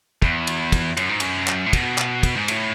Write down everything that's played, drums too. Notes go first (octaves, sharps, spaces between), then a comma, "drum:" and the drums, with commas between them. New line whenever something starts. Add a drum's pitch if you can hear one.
E2, drum: kick
drum: cymbal
drum: kick, cymbal
F#2, drum: cymbal
G#2
F#2, drum: cymbal
drum: clap
A2
B2, drum: kick, cymbal
drum: clap
drum: kick, cymbal
G#2
A2, drum: cymbal